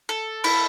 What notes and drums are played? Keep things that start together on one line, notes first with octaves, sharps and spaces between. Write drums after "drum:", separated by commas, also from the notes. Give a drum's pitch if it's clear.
A4
E4, drum: cymbal